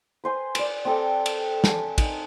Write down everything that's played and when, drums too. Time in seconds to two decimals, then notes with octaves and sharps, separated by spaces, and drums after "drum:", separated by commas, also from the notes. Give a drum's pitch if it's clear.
0.24 B4 C5 G#5
0.55 B4 D5, drum: cymbal
0.85 C4 A4 D5
1.26 drum: cymbal
1.64 G#5 A5, drum: snare
1.98 D#4, drum: kick, cymbal